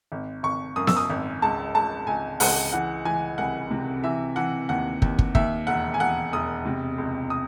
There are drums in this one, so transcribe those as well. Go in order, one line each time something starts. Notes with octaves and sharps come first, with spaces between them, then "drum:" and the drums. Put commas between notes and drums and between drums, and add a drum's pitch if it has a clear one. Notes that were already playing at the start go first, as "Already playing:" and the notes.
G#1
G#1 C#6
F#2 D#6
E6, drum: snare B3
D#6
G#1
C#2 A5
C#2 A5
C#2 G#5
C#2 F#5, drum: open hi-hat
E3 F#5
E3 G#5
C2 F#5
C3
E3 E5
E3 F#5
D#2 F#5
D#2, drum: kick
drum: kick
D#2 E5, drum: kick
E1 F#5
G#5
E1 F#5
E1 D#6
C3
C#2
D#6